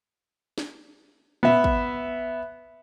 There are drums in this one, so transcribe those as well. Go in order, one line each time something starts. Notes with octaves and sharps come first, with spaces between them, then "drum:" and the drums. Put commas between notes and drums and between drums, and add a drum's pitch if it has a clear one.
drum: snare
B3 E5, drum: tom
drum: kick